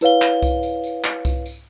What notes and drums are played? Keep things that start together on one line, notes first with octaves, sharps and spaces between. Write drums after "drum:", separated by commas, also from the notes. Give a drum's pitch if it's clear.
E4 B4 C#5 F5 G7, drum: tambourine
drum: clap
drum: kick C2, tambourine
drum: tambourine
drum: tambourine
drum: clap
drum: kick C2, tambourine
drum: tambourine